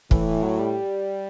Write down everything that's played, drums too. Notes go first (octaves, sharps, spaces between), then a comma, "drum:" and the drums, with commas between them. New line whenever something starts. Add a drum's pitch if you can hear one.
A2 E3, drum: kick
E3
F#3
G3